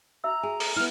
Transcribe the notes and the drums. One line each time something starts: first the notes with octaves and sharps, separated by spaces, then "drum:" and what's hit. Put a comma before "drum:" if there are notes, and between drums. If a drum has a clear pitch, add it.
F#4 E5 A#5 E6
G#4 G#5
A4, drum: open hi-hat
B3 E4 F6